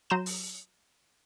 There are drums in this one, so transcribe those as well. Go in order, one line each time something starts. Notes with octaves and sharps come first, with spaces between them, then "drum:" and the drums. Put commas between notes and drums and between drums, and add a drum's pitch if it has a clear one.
F#3 A#5 C6 G6 E7
drum: open hi-hat